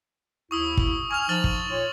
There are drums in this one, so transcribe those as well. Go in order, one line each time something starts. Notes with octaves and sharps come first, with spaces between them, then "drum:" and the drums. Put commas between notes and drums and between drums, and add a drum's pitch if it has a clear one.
D#2 E4 C#6 D#6 E6
drum: kick
G#5 C#6 D#6 F6 F7
F3 D#4 F6 A6 F#7
drum: kick
A#2 F4 C#5